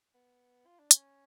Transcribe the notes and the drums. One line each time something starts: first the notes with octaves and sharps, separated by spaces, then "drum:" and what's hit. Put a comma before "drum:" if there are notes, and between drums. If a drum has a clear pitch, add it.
B3
F4
D4
C#4, drum: hi-hat